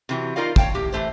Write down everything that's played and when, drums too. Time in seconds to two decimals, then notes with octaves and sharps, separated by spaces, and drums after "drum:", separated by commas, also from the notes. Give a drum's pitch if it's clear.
0.09 C3 E3 F#3
0.36 D#4 F4 A#4 D5 D#5 F5
0.56 C#5 F5 G5 A5, drum: kick
0.75 A2 G4
0.92 E3 F3 A3 C5